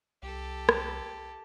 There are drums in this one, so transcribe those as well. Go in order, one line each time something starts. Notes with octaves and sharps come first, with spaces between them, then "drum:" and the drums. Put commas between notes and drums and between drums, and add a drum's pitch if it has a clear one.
C2 G4 A4
drum: rim click